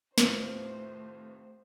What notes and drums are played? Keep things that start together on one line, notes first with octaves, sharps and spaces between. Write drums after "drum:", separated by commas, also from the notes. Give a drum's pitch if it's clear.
D#2 A2 C3 A3 F4 B4 C5 F5, drum: snare